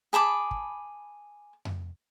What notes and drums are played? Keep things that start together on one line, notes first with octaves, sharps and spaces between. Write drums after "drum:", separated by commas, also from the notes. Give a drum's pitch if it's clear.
G#4 A5 B5 D6
drum: kick
drum: tom F2